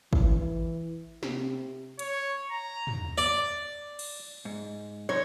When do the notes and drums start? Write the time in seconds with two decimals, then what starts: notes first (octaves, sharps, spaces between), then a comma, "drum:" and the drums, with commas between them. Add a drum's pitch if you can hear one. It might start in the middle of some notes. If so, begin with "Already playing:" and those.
0.13 E3, drum: kick
1.23 C3, drum: snare
1.99 C#5, drum: hi-hat
2.51 A#5
2.87 drum: tom
3.18 D5
3.99 drum: cymbal
4.45 G#2
5.09 F#2 D#4 C5 C#5